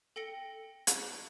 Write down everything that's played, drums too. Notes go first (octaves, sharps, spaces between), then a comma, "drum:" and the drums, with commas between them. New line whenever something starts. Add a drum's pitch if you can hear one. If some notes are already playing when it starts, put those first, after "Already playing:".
A4 G5 A#6 C#7 G7
drum: hi-hat